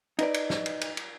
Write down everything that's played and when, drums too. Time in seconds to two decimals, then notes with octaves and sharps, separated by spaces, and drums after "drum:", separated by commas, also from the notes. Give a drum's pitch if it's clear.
0.19 D#4 B4 D5, drum: cymbal
0.34 drum: cymbal
0.50 drum: snare
0.66 drum: cymbal
0.81 drum: cymbal
0.97 drum: cymbal